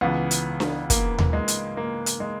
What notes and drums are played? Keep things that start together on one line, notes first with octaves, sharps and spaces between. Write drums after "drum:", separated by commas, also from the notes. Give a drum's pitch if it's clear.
C#2 C#3 E3 B3
drum: hi-hat
drum: snare D4
A#3, drum: kick, hi-hat
drum: tom D#2
G#3
drum: hi-hat
A#3
drum: hi-hat
G#3